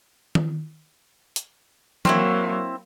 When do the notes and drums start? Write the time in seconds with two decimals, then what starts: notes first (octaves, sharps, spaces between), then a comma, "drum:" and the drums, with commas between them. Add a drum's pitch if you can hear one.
0.35 drum: tom D#3
1.36 drum: hi-hat
2.05 F#3 A#3 C4 D#4 E4, drum: tom E3